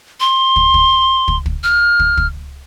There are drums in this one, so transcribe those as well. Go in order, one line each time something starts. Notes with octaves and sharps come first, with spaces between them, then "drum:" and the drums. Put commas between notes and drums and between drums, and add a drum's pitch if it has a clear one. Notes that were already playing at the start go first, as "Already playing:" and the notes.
C6
drum: kick
drum: kick
drum: kick
drum: kick
F6
drum: kick
drum: kick